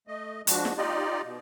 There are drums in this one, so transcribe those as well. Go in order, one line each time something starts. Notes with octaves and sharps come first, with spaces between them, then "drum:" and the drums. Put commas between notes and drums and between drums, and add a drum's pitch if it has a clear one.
A3 D#5
F3 G#3 D4 F#4, drum: hi-hat
drum: snare
D#4 F4 G4 D5 D#5
B2